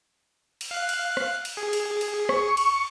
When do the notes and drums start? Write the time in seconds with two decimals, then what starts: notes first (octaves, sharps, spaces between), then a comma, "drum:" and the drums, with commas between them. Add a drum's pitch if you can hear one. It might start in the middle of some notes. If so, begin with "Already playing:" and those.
0.61 drum: cymbal
0.71 F5 F#6
0.89 drum: cymbal
1.17 drum: rim click
1.45 drum: cymbal
1.57 G#4
1.73 drum: cymbal
2.01 drum: cymbal
2.29 C#6, drum: rim click
2.57 drum: cymbal